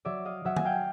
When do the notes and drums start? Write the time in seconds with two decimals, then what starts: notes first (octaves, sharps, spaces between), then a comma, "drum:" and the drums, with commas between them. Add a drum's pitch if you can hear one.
0.05 F#3 D5 E5
0.25 D#5 F5
0.45 F#3 E5 F#5
0.57 G#5, drum: tom
0.64 F5 G5
0.76 F5